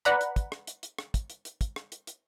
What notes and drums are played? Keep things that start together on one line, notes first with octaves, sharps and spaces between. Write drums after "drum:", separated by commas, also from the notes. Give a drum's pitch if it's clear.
B4 D5 F#5 A#5 B5, drum: hi-hat
drum: hi-hat
drum: kick, hi-hat
drum: rim click
drum: hi-hat
drum: hi-hat
drum: rim click
drum: kick, hi-hat
drum: hi-hat
drum: hi-hat
drum: kick, hi-hat
drum: rim click
drum: hi-hat
drum: hi-hat